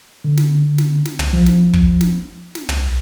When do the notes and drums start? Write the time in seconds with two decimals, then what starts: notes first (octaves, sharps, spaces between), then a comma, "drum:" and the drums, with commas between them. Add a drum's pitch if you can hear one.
0.24 D3
0.37 drum: snare
0.78 drum: snare
1.05 drum: snare
1.19 drum: tom
1.33 F3
1.46 drum: snare
1.73 drum: kick
2.01 drum: snare
2.55 drum: snare
2.69 drum: tom